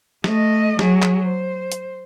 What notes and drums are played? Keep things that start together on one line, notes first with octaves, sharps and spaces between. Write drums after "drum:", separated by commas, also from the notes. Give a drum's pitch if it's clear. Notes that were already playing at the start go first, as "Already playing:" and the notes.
A3 D#5, drum: snare
F#3 G#4, drum: snare
drum: clap
C5
drum: hi-hat